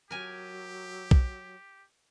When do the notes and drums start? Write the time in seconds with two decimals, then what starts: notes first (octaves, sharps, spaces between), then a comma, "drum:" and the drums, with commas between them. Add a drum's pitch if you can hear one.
0.11 F#3 G4 A#4 G#5
1.11 drum: kick B1